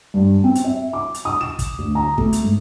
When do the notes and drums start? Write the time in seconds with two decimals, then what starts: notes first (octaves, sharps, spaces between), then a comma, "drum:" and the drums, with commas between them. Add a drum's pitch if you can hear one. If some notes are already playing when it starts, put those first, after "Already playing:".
0.14 G2
0.44 C4
0.55 drum: hi-hat
0.64 E5
0.93 D6
1.14 drum: hi-hat
1.25 D#6
1.41 E7
1.59 drum: kick, hi-hat
1.78 D2
1.95 A#5
2.18 A3, drum: kick
2.33 drum: hi-hat
2.44 G#2